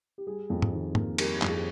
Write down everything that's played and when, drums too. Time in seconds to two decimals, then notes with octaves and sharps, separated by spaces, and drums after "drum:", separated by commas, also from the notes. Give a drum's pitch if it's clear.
0.18 G4
0.27 G3 G#4
0.50 F2
0.62 drum: tom
0.72 D#3
0.95 A#3, drum: tom
1.18 G3 A#4, drum: cymbal
1.42 F2, drum: clap
1.50 G#4